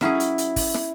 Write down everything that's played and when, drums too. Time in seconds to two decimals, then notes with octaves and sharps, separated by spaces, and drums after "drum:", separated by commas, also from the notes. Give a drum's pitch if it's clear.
0.01 F#3 C#4 E4 G#4, drum: snare
0.20 drum: hi-hat
0.38 drum: hi-hat
0.56 drum: kick, open hi-hat
0.74 drum: snare